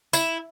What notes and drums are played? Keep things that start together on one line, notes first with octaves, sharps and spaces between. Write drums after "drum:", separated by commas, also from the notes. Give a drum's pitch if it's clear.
E4, drum: tambourine